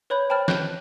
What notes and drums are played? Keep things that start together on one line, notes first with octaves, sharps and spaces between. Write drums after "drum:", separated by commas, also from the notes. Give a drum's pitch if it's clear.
B4 C#5 B5 G6
C5 G5 A5 B5 F6 A6
F#6 G6, drum: snare